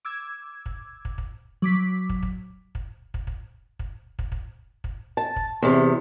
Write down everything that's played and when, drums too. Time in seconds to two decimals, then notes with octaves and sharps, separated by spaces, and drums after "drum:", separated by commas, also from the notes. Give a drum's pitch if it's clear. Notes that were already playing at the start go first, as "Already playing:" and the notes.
0.05 D6 E6 G#6
0.66 drum: kick
1.05 drum: kick
1.18 drum: kick
1.62 F#3 D6 B6
2.09 drum: kick
2.23 drum: kick
2.75 drum: kick
3.14 drum: kick
3.27 drum: kick
3.79 drum: kick
4.19 drum: kick
4.32 drum: kick
4.84 drum: kick
5.17 A5
5.36 drum: kick
5.62 E2 C3